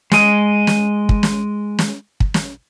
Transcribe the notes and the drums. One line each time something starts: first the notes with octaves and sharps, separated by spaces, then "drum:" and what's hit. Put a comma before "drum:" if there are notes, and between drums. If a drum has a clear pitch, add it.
G#3 D#5, drum: snare
drum: snare
drum: kick
drum: snare
drum: snare
drum: kick
drum: snare